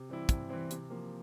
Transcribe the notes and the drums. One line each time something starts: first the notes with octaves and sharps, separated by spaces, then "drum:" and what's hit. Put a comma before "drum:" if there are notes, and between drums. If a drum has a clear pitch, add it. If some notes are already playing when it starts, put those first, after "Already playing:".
Already playing: C3
E3 G3 C4 E4
C3, drum: kick, hi-hat
E3 G3 C4 E4
C3, drum: hi-hat
F3 A#3